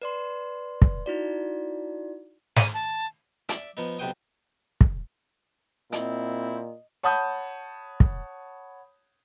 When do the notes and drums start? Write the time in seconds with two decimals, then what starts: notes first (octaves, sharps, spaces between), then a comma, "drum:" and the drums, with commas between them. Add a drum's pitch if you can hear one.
0.02 B4 D5 C6
0.82 drum: kick
1.06 D#4 E4 F#4 D5
2.56 D#7, drum: snare
2.74 A5
3.49 D5 E5, drum: hi-hat
3.77 F3 B3 D#4
3.99 B1 C3 C5 F#5 G5 D#6
4.81 drum: kick
5.92 A#2 C4 E4 D#5, drum: hi-hat
7.03 C#5 F#5 A5 B5 D#6 G6
8.00 drum: kick